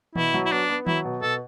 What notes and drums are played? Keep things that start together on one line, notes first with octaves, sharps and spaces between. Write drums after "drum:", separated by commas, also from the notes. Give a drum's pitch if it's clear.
B2 E4, drum: tom D#3
F#3
E4
B3 D4
B3
F#3 E4, drum: tom D#3
B2
B2 A4